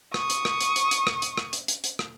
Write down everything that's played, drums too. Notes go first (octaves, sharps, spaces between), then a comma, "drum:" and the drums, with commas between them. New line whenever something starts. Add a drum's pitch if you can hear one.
C#6 D#6, drum: rim click
drum: hi-hat
drum: rim click
drum: hi-hat
drum: hi-hat
drum: hi-hat
drum: rim click
drum: hi-hat
drum: rim click
drum: hi-hat
drum: hi-hat
drum: hi-hat
drum: rim click